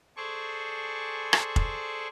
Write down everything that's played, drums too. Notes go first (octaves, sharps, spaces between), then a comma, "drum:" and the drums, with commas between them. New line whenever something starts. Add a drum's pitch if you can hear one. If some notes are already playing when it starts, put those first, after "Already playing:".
G#4 A4 C5 D5 C#6
drum: rim click
drum: kick F1